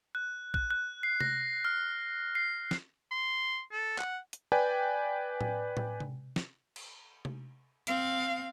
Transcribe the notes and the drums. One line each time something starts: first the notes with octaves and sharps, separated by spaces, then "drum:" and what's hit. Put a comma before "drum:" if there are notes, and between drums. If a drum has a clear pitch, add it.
F#6
F#6, drum: kick A#1
F#6
C7
A#6, drum: tom C3
F6
C7
drum: snare
C6
A4
F#5, drum: clap
drum: hi-hat
B4 D5 G5 G#5
drum: tom A2
drum: tom A2
drum: tom C3
drum: snare
drum: cymbal
drum: tom C3
C4 F5, drum: hi-hat